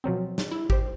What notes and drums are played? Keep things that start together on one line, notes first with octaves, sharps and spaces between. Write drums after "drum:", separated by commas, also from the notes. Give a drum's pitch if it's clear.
B2 F3 F#3 C4
drum: snare
E4
G4 C5, drum: kick G#1